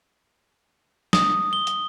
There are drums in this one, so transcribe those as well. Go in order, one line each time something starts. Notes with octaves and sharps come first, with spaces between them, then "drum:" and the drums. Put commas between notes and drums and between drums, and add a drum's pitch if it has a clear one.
D#6, drum: snare
G7
drum: hi-hat